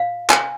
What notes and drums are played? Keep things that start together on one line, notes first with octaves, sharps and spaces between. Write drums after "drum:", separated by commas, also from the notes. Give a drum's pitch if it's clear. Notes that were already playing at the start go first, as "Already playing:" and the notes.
Already playing: F5
G#5, drum: clap